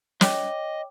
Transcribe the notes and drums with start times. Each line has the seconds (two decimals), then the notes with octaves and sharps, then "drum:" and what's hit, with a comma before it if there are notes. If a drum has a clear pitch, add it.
0.21 C#5 D#5 G5 D6, drum: snare